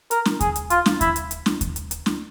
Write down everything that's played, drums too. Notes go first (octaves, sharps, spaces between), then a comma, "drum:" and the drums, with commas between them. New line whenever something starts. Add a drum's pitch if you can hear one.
A#4, drum: hi-hat
drum: snare
G#4, drum: kick D#2, hi-hat
drum: hi-hat
F4, drum: hi-hat
drum: snare
E4, drum: kick D#2, hi-hat
drum: hi-hat
drum: hi-hat
drum: snare
drum: kick D#2, hi-hat
drum: hi-hat
drum: hi-hat
drum: snare